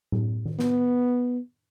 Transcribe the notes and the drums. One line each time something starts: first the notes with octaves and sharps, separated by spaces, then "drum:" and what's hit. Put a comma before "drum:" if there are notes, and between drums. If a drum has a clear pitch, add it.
drum: tom A2
drum: tom D#3
B3, drum: snare